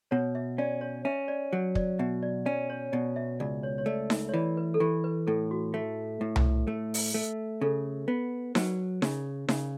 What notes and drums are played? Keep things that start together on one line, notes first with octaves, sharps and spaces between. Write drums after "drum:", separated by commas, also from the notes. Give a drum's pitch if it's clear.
B2 C#5
E5
C#4 D5
C#5
C#4 E5
D5
F#3 C#5
D5, drum: kick
B2 E5
D5
C#4 D5
C#5
B2 D5
E5
C#2 D5
C#5
C#5
A3 D5
E5, drum: snare D#4
C#5
E3 D5
B4
A4
E3 G4
B4
A2 A4
F#4
A3
A2
drum: tom C2
A3
drum: open hi-hat
A3
C#3 A4
B3
F#3 B4, drum: snare D#4
C#3, drum: snare D#4
C#3, drum: snare D#4